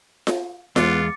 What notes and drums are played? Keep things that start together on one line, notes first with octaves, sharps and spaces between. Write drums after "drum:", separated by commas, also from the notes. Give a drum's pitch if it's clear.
drum: snare F4
E2 G#3 B3 F4 D6 A6 C#7, drum: snare F4